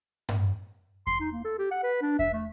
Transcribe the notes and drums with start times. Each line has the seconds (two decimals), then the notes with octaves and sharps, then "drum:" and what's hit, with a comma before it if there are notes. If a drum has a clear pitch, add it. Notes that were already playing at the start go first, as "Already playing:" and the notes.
0.29 drum: tom G2
1.07 C6, drum: kick E2
1.20 D#4
1.32 A#3
1.45 A4
1.59 G4
1.71 F#5
1.83 B4
2.02 D4
2.19 E5, drum: kick E2
2.34 A3